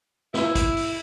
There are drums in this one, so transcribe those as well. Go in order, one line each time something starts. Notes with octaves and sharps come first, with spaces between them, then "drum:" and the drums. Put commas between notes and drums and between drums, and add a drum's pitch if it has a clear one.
E4, drum: snare
drum: kick, hi-hat
drum: open hi-hat